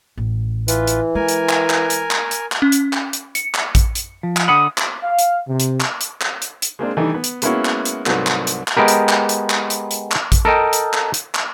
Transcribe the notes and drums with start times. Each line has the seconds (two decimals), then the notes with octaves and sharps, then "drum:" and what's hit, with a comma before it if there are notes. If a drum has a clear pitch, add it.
0.17 A1
0.68 E3 F4 B4, drum: hi-hat
0.87 drum: hi-hat
1.15 G#3 A#4 G#5
1.29 drum: hi-hat
1.49 drum: clap
1.70 drum: clap
1.90 drum: hi-hat
2.11 drum: clap
2.31 drum: hi-hat
2.52 drum: clap
2.62 C#4
2.72 drum: hi-hat
2.93 drum: clap
3.13 drum: hi-hat
3.35 C#7, drum: hi-hat
3.54 drum: clap
3.75 drum: kick A1, hi-hat
3.95 drum: hi-hat
4.23 F3
4.36 drum: clap
4.48 D3 F#5 B5 D#6
4.78 drum: clap
5.03 F5
5.19 drum: hi-hat
5.48 C3
5.60 drum: hi-hat
5.80 drum: clap
6.01 drum: hi-hat
6.21 drum: clap
6.42 drum: hi-hat
6.62 drum: hi-hat
6.79 G#3 A#3 C4 D4
6.97 D#3 E3 G3 A3 D4 D#4
7.14 B3
7.24 drum: hi-hat
7.42 G#3 A#3 B3 C#4 E4 F#4, drum: hi-hat
7.65 drum: clap
7.85 drum: hi-hat
8.06 C2 G#2 F#3 A3 C4 B4, drum: clap
8.26 drum: clap
8.47 drum: hi-hat
8.68 drum: clap
8.77 G#3 B3 G4 A#4
8.88 drum: hi-hat
9.09 drum: clap
9.29 drum: hi-hat
9.50 drum: clap
9.70 drum: hi-hat
9.91 drum: hi-hat
10.11 drum: clap
10.32 drum: kick A1, hi-hat
10.45 A4 A#4 D#5 G5
10.73 drum: hi-hat
10.93 drum: clap
11.14 drum: hi-hat
11.34 drum: clap